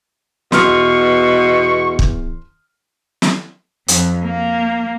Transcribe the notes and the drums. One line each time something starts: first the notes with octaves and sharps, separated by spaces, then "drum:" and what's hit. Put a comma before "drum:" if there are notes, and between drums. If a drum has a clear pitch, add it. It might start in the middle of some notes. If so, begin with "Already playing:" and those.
E2 B2 C6 C#6 F6, drum: snare
drum: kick
drum: snare
F2, drum: hi-hat
A#3